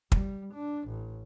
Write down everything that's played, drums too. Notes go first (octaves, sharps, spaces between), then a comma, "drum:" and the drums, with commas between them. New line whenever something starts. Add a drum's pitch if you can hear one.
G3, drum: kick
D4
A1